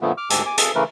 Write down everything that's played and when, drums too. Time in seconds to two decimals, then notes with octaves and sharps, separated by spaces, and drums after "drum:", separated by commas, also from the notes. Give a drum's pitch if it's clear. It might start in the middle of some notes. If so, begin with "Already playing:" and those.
0.01 A#2 D3 F3 A3 B3
0.17 D6 F6
0.30 D2 G#2 G4 G#5 A5 E6, drum: hi-hat
0.46 G#5 D6
0.58 G#4 A4, drum: hi-hat
0.75 C#3 E3 A3 A#4 B4